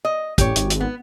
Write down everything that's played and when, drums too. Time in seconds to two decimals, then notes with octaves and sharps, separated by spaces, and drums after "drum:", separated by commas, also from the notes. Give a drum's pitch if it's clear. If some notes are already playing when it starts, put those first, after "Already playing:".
0.05 D#5
0.38 A1 G4 C#5, drum: kick, hi-hat
0.56 G#1, drum: hi-hat
0.70 drum: hi-hat
0.80 B3